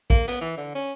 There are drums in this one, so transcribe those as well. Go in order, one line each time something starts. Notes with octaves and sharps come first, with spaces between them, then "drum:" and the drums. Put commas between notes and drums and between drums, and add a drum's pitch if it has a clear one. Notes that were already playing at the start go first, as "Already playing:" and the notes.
A#3, drum: kick
B3, drum: hi-hat
E3
D3
C#4